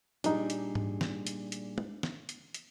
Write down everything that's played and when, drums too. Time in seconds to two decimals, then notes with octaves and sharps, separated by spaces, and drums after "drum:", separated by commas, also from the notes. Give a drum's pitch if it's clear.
0.24 A#2 G3 D4 D#4 G#4, drum: hi-hat
0.50 drum: hi-hat
0.75 drum: tom G#2
1.01 drum: snare
1.27 drum: hi-hat
1.52 drum: hi-hat
1.78 drum: tom
2.03 drum: snare
2.29 drum: hi-hat
2.54 drum: hi-hat